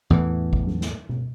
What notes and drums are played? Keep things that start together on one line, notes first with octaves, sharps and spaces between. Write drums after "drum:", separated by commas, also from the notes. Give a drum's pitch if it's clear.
E2 A2 E3
drum: kick
drum: tom F#3
drum: snare
drum: tom B2